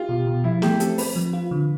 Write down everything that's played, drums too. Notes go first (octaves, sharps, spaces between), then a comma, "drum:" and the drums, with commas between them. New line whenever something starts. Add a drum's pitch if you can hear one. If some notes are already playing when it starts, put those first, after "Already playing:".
Already playing: F4 G4
B2
B2
F3 E4
A3 G4, drum: snare
C4 A4, drum: hi-hat
C4 B4, drum: open hi-hat
F3
F4
D3